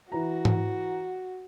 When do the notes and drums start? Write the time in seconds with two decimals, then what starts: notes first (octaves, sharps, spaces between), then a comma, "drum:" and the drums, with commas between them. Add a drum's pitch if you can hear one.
0.12 E3 F#4 B4 A#5
0.45 drum: tom G#2